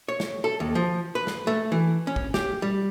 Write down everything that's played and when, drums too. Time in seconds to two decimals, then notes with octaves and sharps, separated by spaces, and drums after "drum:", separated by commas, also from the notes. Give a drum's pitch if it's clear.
0.08 C#5
0.20 drum: snare
0.44 A4
0.60 D#2
0.75 F3
1.15 B4
1.27 drum: snare
1.47 A3
1.72 E3
2.07 C#4
2.16 drum: kick
2.34 G4, drum: snare
2.62 G3